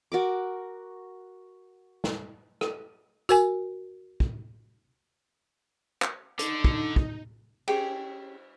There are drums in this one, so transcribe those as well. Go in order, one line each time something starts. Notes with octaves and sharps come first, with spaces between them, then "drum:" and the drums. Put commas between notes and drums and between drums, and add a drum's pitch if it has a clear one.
F#4 A#4 D6
drum: snare
drum: rim click
F#4 A#4 G#5, drum: tambourine
drum: kick
drum: clap
D3 D#4, drum: hi-hat
drum: kick
drum: kick
C#4 G4 G#4 G5, drum: cymbal